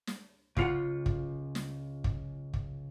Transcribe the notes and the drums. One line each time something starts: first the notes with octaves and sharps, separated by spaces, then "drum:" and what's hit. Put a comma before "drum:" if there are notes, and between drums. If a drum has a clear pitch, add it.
drum: snare
C#2 F4 F#5, drum: kick
drum: kick
drum: snare
drum: kick
drum: kick